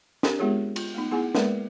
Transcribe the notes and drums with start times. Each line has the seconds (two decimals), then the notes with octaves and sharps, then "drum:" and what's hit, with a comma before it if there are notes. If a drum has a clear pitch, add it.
0.23 C4 D4 G4 A#4, drum: snare
0.39 G#3 B3 F4 G4 G#4 C#5
0.76 F4, drum: cymbal
0.94 A3 B3 D#4
1.11 B3 E4 G#4 F#5 G#5
1.35 G#3 A#3 B3 A#4 B4 D5, drum: snare